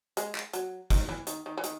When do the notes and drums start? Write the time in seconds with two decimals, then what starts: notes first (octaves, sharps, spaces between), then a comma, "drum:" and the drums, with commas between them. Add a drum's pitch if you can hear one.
0.17 G#3, drum: hi-hat
0.35 drum: clap
0.53 F#3, drum: hi-hat
0.90 D#3, drum: kick, hi-hat
1.09 E3
1.27 D#3, drum: hi-hat
1.46 D#3
1.57 E3
1.64 D#3, drum: hi-hat